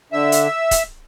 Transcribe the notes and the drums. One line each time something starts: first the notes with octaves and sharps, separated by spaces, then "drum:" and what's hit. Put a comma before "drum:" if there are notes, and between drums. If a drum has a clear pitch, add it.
D3 E5
drum: hi-hat
drum: kick, hi-hat